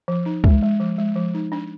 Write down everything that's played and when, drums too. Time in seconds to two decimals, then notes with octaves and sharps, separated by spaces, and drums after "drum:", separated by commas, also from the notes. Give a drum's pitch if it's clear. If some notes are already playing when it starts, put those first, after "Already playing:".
0.08 F3
0.26 D#4
0.44 G#3, drum: kick
0.63 G#3
0.80 F3
0.98 G#3
1.15 F3
1.35 D#4
1.52 D4